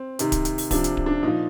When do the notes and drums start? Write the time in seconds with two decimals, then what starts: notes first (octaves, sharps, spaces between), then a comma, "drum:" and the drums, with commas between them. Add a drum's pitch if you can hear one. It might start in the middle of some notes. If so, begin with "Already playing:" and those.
Already playing: C4
0.19 C3 D#3, drum: hi-hat
0.32 drum: kick D1, hi-hat
0.45 drum: hi-hat
0.58 drum: open hi-hat
0.71 C3 F3 D4, drum: kick D1, open hi-hat
0.84 drum: hi-hat
0.97 drum: kick D1
1.06 D4
1.23 A#2 F3 D#4